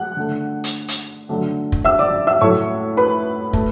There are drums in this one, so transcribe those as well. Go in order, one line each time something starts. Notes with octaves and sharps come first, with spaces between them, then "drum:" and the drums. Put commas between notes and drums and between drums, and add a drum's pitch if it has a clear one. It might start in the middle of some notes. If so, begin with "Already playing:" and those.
Already playing: F#5 F#6
D3 A3
drum: hi-hat
drum: hi-hat
D3 F#3 A3
drum: kick
E5 E6
D5 D6
E5 E6
A2 F#3 A3 C#5 C#6
B4 B5
A3, drum: kick